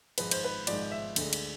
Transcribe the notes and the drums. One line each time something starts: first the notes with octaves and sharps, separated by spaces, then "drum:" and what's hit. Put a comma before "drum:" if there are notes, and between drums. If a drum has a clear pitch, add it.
G#1 G#2 F3 G#3 B4, drum: cymbal
C5, drum: cymbal
B4
G#1 G#2 F3 G#3 D5, drum: cymbal
E5
D2 D3 G#3, drum: cymbal
drum: cymbal